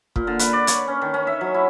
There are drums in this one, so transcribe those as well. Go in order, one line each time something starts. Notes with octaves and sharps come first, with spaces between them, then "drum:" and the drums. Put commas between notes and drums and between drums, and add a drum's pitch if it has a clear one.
A#2, drum: kick
D3
B4, drum: hi-hat
D5
C#5, drum: hi-hat
C#4
D#3
C#4
E5
F#3
E4